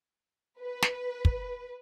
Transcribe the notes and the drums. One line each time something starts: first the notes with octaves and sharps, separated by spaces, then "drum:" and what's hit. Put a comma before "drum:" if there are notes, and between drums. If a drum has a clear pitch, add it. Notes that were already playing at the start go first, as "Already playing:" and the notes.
B4
drum: snare
drum: kick